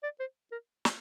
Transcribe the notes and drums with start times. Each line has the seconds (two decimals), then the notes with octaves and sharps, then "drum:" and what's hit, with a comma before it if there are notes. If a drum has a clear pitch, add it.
0.03 D5
0.20 C5
0.52 A#4
0.85 drum: snare